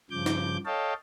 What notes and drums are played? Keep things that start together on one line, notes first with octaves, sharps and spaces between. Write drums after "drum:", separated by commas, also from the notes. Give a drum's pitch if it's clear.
G2 C#3 F3 D6 G6
drum: snare
A4 C#5 D#5 F5 G5 A5